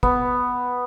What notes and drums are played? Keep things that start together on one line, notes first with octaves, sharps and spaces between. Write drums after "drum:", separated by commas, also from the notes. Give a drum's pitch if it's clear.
B3, drum: kick